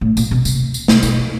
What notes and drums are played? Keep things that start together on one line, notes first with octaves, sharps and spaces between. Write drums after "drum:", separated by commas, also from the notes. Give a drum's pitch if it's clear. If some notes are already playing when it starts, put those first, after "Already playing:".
A2
A#2, drum: tambourine
B2
C3, drum: tambourine
drum: tambourine
B2, drum: snare
B2, drum: tambourine